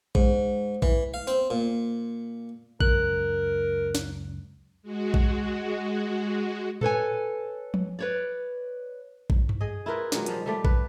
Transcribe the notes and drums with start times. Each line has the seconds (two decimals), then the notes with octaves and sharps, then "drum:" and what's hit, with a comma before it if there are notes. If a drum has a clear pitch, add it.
0.15 G#2, drum: kick A#1
0.82 E3, drum: kick A#1
1.14 F5
1.27 C4, drum: tambourine
1.50 A#2
2.80 C#2 F#2 A#4 F#6, drum: kick A#1
3.95 drum: snare
4.83 G#3 F#4
5.14 drum: kick A#1
6.81 A4 B4 C#5 G#5, drum: tom A2
7.74 drum: tom F3
7.99 B4 C#5 D5
9.30 drum: kick A#1
9.49 drum: tom G2
9.61 G#4 D#5
9.86 E4 F4 A#4 B4
10.12 A#2 D#3 F#3 G#3, drum: snare
10.26 D#3 F3 G3, drum: hi-hat
10.46 G3 A3 D5
10.65 B4, drum: kick A#1